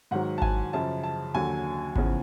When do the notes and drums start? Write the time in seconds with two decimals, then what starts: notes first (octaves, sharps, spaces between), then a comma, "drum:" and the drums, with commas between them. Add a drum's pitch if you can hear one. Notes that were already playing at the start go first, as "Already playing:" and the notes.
0.11 G#2 D#3 F#3 F#5
0.38 A5
0.42 G#5, drum: kick G#1
0.73 F#2 C#3 F3 A5
1.03 A5
1.34 D#2 D3 F#3 G#5
1.96 E2 C#3 F3, drum: kick G#1